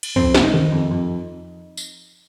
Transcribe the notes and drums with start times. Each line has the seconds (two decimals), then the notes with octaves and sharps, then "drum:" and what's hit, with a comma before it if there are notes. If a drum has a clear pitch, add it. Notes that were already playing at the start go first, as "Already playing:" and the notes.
0.03 drum: cymbal
0.16 F2 C4, drum: tom
0.35 C3, drum: snare
0.43 D#4
0.53 D#3
0.72 F2
0.91 F2
1.77 drum: tambourine